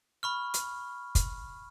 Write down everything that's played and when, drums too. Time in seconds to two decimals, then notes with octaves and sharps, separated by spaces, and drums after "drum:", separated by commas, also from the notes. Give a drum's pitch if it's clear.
0.23 B5 C#6 F6
0.54 drum: hi-hat
1.15 drum: kick, hi-hat